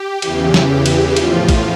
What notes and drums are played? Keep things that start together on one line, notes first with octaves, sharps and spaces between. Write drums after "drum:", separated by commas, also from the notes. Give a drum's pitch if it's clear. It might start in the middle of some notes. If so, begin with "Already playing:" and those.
Already playing: G4
E2 C#3 E3, drum: cymbal
drum: snare
drum: cymbal
A2 F3 F4, drum: cymbal
drum: kick A#1, cymbal